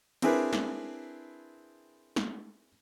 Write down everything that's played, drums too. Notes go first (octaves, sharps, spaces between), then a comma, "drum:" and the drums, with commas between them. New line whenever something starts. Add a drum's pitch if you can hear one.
C4 D4 E4 G#4 A#4 B4, drum: cymbal
drum: snare
drum: snare